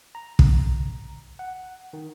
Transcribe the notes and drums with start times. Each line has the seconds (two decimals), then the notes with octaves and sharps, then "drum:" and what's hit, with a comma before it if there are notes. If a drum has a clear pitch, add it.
0.15 A#5
0.39 drum: kick
1.39 F#5
1.93 D#3